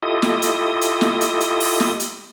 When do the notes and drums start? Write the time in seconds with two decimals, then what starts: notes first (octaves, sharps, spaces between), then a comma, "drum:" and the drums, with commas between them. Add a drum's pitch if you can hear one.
0.03 E4 F4 G4 A4 D#5 D#6
0.22 drum: snare
0.42 drum: hi-hat
0.81 drum: hi-hat
1.01 drum: snare
1.21 drum: hi-hat
1.40 drum: hi-hat
1.60 drum: open hi-hat
1.80 drum: snare
2.00 drum: hi-hat